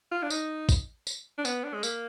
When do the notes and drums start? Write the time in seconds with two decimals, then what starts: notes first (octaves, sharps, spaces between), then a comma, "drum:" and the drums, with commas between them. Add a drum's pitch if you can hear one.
0.11 F4
0.23 D4
0.30 D#4, drum: tambourine
0.69 drum: kick, tambourine
1.07 drum: tambourine
1.38 D4
1.45 B3, drum: tambourine
1.64 D4
1.74 G#3
1.83 A#3, drum: tambourine